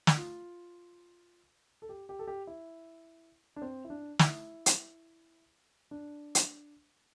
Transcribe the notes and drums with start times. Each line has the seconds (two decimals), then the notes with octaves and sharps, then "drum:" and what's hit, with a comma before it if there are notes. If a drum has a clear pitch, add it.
0.07 drum: snare
0.17 F4
1.82 A4
1.89 G4
2.09 G4
2.19 A4
2.27 G4
2.47 E4
3.56 D4
3.62 C4
3.84 E4
3.90 D4
4.19 E4, drum: snare
4.66 drum: hi-hat
5.91 D4
6.35 drum: hi-hat